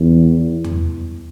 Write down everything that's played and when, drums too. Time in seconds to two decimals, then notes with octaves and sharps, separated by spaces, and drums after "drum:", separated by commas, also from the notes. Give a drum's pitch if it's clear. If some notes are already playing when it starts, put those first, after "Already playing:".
Already playing: E2
0.64 drum: tom E2